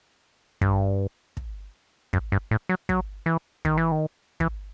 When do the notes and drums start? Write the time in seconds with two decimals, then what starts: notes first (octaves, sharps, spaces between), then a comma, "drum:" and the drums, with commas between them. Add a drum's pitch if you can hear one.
0.61 G2, drum: kick
1.37 drum: kick
2.13 F#2, drum: kick
2.32 G2
2.51 A2
2.69 F#3
2.89 F#3, drum: kick
3.26 E3
3.65 D#3, drum: kick
3.77 E3
3.92 D#3
4.40 E3, drum: kick